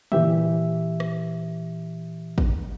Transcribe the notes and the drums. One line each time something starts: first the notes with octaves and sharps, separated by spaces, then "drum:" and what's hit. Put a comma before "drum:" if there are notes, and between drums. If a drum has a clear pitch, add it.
A#2 E3 G4 E5, drum: tom C#3
drum: rim click
drum: kick